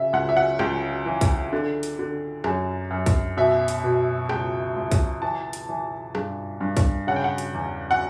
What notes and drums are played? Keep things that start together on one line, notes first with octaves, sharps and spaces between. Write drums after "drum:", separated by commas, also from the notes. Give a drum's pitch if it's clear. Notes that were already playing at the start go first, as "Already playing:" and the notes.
Already playing: C#3 E5
C#2 F#5
E5
F#5
C#2 G5, drum: rim click
E3
drum: kick B1, hi-hat
D3
drum: hi-hat
D3
F#2, drum: rim click
F#2
drum: kick B1, hi-hat
B2 E5
drum: hi-hat
B2
C#2 G5, drum: rim click
C#2
drum: kick B1, hi-hat
E3 A5
drum: hi-hat
E3
G2, drum: rim click
G2
drum: kick B1, hi-hat
C#3 F#5
G5
F#5
drum: hi-hat
E2
F#5